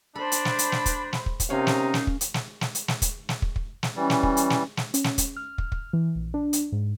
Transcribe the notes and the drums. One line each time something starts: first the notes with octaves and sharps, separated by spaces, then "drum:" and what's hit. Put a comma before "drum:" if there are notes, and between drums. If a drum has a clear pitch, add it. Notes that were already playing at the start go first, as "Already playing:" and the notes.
D4 A4 C5 B5
drum: hi-hat
drum: snare
drum: hi-hat
drum: snare
drum: kick, hi-hat
drum: snare
drum: kick
drum: kick, hi-hat
C3 C#4 D#4 A#4 C#5 F5
drum: snare
drum: snare
drum: kick
drum: hi-hat
drum: snare
drum: snare
drum: hi-hat
drum: snare
drum: kick, hi-hat
drum: snare
drum: kick
drum: kick
drum: snare
E3 G3 C#4
drum: snare
drum: kick
drum: hi-hat
drum: snare
drum: snare
C#4, drum: hi-hat
drum: snare
drum: kick, hi-hat
F6
drum: kick
drum: kick
E3
A#1
D4
drum: hi-hat
G#2